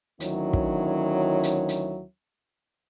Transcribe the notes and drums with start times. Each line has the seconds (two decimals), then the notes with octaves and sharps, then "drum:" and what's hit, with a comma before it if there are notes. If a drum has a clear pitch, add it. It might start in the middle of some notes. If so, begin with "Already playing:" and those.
0.20 D2 D#3 F#3 C#4 E4 C#5, drum: hi-hat
0.53 drum: kick
1.43 drum: hi-hat
1.69 drum: hi-hat